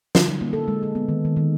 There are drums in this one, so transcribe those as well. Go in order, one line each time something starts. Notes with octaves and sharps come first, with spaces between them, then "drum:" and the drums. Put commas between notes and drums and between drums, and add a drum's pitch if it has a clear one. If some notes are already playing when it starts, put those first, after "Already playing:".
D3, drum: snare
D#4
A#3
A4
G#3
A4
B3
D#3
D#3
D#3